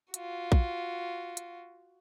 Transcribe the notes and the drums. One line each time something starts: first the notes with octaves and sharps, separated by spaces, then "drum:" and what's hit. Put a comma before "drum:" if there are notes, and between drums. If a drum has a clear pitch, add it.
F4 F#4, drum: hi-hat
drum: kick
drum: hi-hat